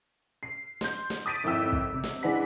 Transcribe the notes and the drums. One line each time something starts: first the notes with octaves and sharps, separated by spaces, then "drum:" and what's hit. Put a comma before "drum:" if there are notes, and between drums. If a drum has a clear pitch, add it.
C7
C6 G6, drum: snare
drum: snare
D#6 A6 B6 D7 D#7
G#1 F2 E4 G5 E6
drum: kick
C3
drum: snare
E3 G#3 D4 B4 F#5 B6